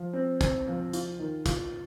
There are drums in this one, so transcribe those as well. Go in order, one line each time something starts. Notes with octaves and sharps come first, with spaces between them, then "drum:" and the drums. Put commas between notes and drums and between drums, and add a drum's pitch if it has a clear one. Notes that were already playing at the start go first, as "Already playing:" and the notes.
Already playing: F3
C4
C4, drum: kick, hi-hat
F3
F4, drum: hi-hat
D#3
F4, drum: kick, hi-hat